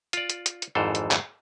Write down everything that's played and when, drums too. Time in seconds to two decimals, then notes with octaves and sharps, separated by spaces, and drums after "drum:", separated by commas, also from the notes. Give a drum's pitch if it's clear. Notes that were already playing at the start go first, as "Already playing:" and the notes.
0.13 F4 D5, drum: hi-hat
0.30 drum: hi-hat
0.46 drum: hi-hat
0.62 drum: hi-hat
0.75 G#1 F2 G#2 E3 A4 C5
0.95 drum: hi-hat
1.11 drum: clap